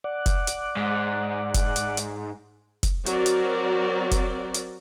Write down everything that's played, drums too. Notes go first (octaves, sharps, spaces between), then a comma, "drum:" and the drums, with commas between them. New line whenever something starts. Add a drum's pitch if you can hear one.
D5 F#5
drum: kick F1, hi-hat
drum: hi-hat
G#2
drum: kick F1, hi-hat
drum: hi-hat
drum: hi-hat
drum: kick F1, hi-hat
F#3 C4 F#4 A#4 D5, drum: hi-hat
drum: hi-hat
drum: kick F1, hi-hat
drum: hi-hat